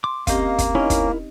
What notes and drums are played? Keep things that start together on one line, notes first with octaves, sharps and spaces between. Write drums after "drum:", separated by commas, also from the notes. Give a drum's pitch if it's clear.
C6 D6
A#3 C4 C#4 G4 D#5 F5, drum: kick, hi-hat
drum: kick, hi-hat
C#4 D#4 E4 A#4 D#5
drum: kick, hi-hat